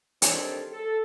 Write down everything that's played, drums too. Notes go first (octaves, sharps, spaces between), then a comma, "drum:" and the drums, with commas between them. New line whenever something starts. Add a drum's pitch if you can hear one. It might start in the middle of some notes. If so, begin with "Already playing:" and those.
D#3 G3 C4 D4 A4 C#5, drum: hi-hat
A4